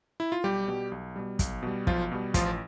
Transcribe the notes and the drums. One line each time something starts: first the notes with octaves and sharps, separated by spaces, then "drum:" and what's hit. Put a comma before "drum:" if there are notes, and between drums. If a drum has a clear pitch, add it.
E4
F4
B1 G3 G4
B2 G3
B1
B2 G3
B1, drum: kick, hi-hat
B2 G3
B1 F3 F4, drum: kick
B2 G3
A1 F3 F4, drum: kick, hi-hat